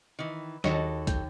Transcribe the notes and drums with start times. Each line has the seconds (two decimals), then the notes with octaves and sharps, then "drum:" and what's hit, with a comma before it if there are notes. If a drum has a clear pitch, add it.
0.19 D#3 E3
0.64 D#2 F#4 A4 D#5 A5, drum: snare
1.07 G5, drum: kick, hi-hat